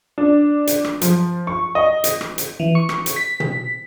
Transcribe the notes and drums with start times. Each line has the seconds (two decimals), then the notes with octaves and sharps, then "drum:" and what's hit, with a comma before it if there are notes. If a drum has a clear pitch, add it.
0.18 D4
0.67 drum: hi-hat
0.84 drum: rim click
1.01 F3, drum: hi-hat
1.47 C#6
1.75 D#5
2.04 drum: hi-hat
2.21 drum: rim click
2.38 drum: hi-hat
2.60 E3
2.75 C#6
2.89 drum: rim click
3.06 drum: hi-hat
3.16 B6
3.40 drum: tom